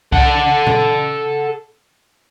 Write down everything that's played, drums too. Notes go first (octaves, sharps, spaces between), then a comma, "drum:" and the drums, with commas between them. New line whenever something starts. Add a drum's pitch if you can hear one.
A4 F#5, drum: kick C2
drum: tom A#2